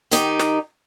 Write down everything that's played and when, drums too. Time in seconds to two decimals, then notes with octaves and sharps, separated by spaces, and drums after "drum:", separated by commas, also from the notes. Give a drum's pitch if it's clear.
0.11 D#3 D#4 G4, drum: hi-hat
0.39 drum: snare